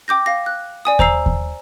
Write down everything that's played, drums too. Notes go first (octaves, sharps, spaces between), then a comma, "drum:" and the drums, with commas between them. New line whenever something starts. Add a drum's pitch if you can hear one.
G5 D6 G6 A#6
F5 A#6
F#6
D5 G#5 D#6
C5 A#5 E6 C7, drum: kick D#2
drum: kick D#2